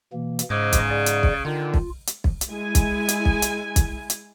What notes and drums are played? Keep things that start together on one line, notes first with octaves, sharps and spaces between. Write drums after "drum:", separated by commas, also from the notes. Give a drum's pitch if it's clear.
B2 E3 A#3
drum: hi-hat
G#2 C#3 C5 D#5 D6
drum: kick, hi-hat
G#4 D5
drum: hi-hat
drum: kick
D3 D#3 F4
drum: kick
drum: hi-hat
drum: kick
drum: hi-hat
G#3 E4 G#5
drum: kick, hi-hat
drum: hi-hat
drum: kick
drum: hi-hat
drum: kick, hi-hat
drum: hi-hat